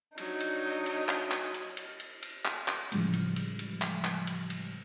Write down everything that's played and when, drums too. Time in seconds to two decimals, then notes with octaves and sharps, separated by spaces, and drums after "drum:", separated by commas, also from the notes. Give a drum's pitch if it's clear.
0.18 F#3 D4 D#4 D#5, drum: cymbal
0.40 drum: cymbal
0.86 drum: cymbal
1.09 drum: clap
1.31 drum: clap
1.54 drum: cymbal
1.77 drum: cymbal
2.00 drum: cymbal
2.22 drum: cymbal
2.45 drum: clap
2.68 drum: clap
2.92 A2 C#3 E3 F3 G3 G#3, drum: cymbal
3.13 drum: cymbal
3.36 drum: cymbal
3.59 drum: cymbal
3.82 drum: clap
4.04 drum: clap
4.27 drum: cymbal
4.50 drum: cymbal